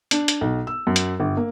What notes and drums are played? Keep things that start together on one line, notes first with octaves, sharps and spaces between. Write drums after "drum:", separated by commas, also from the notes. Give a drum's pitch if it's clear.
D4, drum: hi-hat
drum: hi-hat
B1
E6
F#2
drum: hi-hat
G1
A#3